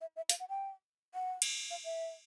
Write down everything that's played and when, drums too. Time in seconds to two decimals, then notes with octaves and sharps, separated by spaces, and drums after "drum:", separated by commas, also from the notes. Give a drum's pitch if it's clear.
0.01 E5
0.16 E5
0.29 F5, drum: hi-hat
0.40 F#5
0.49 G5
1.14 F#5
1.42 drum: cymbal
1.70 F5
1.85 E5